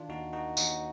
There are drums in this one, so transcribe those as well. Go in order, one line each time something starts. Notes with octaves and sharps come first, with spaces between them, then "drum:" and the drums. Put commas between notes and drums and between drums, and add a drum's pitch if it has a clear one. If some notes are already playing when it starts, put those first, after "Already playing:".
Already playing: D#3 D4 F4
D#2 D#4 F#4
D#3 D#4 F#4
D#2 D#4 F#4, drum: tambourine